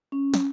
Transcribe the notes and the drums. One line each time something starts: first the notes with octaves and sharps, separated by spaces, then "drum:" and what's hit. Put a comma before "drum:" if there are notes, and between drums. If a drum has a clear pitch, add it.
C#4
drum: snare